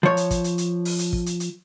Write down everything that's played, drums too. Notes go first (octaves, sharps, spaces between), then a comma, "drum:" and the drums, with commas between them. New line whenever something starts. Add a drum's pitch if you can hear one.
F3 C#5
drum: hi-hat
drum: kick, hi-hat
drum: hi-hat
drum: hi-hat
drum: open hi-hat
drum: hi-hat
drum: kick
drum: hi-hat
drum: hi-hat